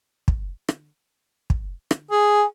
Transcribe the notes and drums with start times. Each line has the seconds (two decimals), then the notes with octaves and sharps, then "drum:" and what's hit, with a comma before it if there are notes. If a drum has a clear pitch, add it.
0.28 drum: kick
0.69 drum: rim click
1.50 drum: kick
1.91 drum: rim click
2.11 G#4 G#5